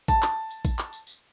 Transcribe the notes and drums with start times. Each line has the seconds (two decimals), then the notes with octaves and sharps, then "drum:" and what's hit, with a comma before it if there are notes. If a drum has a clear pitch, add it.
0.08 A5, drum: kick A1, tambourine
0.22 drum: clap
0.51 drum: tambourine
0.65 drum: kick A1, tambourine
0.79 drum: clap
0.93 drum: tambourine
1.07 drum: tambourine